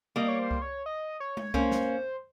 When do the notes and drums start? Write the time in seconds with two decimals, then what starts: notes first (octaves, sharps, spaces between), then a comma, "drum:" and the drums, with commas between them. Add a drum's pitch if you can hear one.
0.16 G3 A#3 D#5
0.28 C#5
0.39 C5
0.51 drum: kick C2
0.62 C#5
0.86 D#5
1.20 C#5
1.37 drum: tom G#3
1.54 A#3 C#4 C5, drum: kick C2
1.71 drum: snare